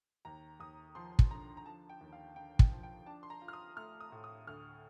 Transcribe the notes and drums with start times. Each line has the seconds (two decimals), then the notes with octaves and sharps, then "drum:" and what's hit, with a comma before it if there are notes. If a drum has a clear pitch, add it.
0.25 D#2 A#5
0.60 D#2 D#6
0.95 F3 C6
1.19 drum: kick
1.31 D3 A#5
1.57 A#5
1.66 F3 A5
1.89 G5
2.01 D#2
2.12 F5
2.36 D3 G5
2.59 G5, drum: kick
2.71 F3
2.83 G5
3.06 D4 A5
3.23 C6
3.30 A#5
3.42 F4
3.48 F6
3.53 D#6
3.77 A3 F6
4.00 D#6
4.12 A2
4.24 D#6
4.47 D2 F6